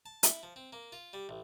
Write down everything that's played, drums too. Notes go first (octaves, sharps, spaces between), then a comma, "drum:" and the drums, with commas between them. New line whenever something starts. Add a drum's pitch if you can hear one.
A5
E4, drum: hi-hat
F3
C4
A#3
F4
G3
A1